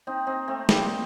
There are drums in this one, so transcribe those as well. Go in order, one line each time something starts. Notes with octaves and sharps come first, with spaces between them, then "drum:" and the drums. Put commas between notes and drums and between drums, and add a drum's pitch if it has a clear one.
C4 D#4
C4 D#4
A3 C4
G3 A#3, drum: snare